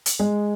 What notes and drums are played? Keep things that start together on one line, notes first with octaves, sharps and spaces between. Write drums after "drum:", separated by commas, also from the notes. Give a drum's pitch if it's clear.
drum: hi-hat
G#3